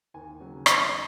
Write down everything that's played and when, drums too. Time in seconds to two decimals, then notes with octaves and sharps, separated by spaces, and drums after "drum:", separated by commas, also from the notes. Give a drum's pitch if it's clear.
0.14 D#2 G#5
0.40 C#3 F#3 C#4
0.66 D#2 D#5, drum: rim click
0.80 E5